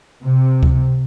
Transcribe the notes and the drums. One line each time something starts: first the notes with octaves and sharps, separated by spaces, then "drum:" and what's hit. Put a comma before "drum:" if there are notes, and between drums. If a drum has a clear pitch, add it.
C3
drum: kick C#2